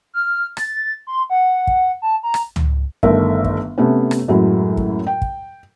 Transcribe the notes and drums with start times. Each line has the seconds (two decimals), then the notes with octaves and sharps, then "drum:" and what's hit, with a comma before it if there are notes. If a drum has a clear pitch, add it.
0.14 F6
0.57 A6, drum: rim click
1.07 C6
1.30 F#5
1.67 drum: kick
2.02 A5
2.23 A#5
2.34 drum: rim click
2.56 drum: tom C#2
3.03 G1 D#3 A3 A#4 E5, drum: kick
3.45 drum: kick
3.78 C3 A3 B3 C#4
4.11 drum: rim click
4.28 F#2 A2 F#3 G#3 C#4 E4
4.77 drum: kick
5.07 G5
5.22 drum: kick